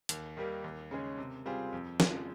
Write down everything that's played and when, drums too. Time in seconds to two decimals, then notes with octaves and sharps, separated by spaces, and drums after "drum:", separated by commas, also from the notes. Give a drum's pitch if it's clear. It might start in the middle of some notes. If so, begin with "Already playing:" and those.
0.09 D#2, drum: hi-hat
0.37 D#3 G3 A#3
0.64 D#2
0.91 C#3 G#3 C#4 G#4
1.18 C3
1.46 G3 C4 F4 G#4
1.73 F2
2.00 C#3 F3 G#3, drum: snare